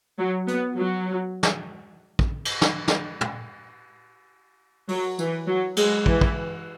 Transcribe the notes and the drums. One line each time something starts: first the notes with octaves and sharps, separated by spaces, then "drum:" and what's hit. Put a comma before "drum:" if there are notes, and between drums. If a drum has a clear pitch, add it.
F#3
B3, drum: hi-hat
F#3
drum: snare
drum: kick
drum: cymbal
drum: snare
drum: snare
drum: tom
F#3, drum: open hi-hat
E3, drum: tambourine
F#3
G#3, drum: cymbal
E3, drum: kick
drum: kick